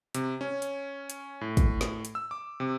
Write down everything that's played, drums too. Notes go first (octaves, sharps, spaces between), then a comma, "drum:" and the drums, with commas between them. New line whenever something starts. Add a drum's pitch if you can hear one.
C3, drum: hi-hat
C#4
drum: hi-hat
drum: hi-hat
A2
drum: kick, hi-hat
drum: snare
drum: hi-hat
E6
D6
C3